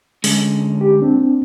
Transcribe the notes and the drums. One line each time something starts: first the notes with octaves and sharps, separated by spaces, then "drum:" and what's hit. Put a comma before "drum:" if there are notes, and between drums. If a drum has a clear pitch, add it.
D3 G#3 C#4, drum: open hi-hat
G4
A#3 C4 D4